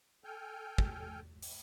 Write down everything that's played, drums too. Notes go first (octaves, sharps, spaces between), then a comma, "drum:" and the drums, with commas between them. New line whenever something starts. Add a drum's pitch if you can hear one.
A4 G5 G#5 F6 G6
drum: kick
drum: open hi-hat